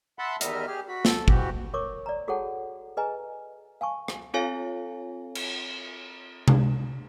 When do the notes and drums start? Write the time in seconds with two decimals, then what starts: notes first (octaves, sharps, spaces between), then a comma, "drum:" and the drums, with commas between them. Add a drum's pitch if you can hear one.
0.19 E5 F#5 A5 B5 C6
0.41 E2 D#3 G3 D#5 E5 F6, drum: hi-hat
0.67 G4 G#4 F6
0.88 F#4 B5
1.05 A4, drum: snare
1.28 G#2 E3 F#4 G4, drum: kick G1
1.74 A#4 C#5 C#6 D6
2.06 D5 A#5
2.28 F#4 G#4 A4 C#5 F#5 A5
2.97 G#4 B4 D#5 G#5 A#5
3.81 F5 G#5 A5 C#6
4.08 drum: rim click
4.34 C4 F4 A4 C#5 F5 G#5
5.35 drum: cymbal
6.48 drum: tom C3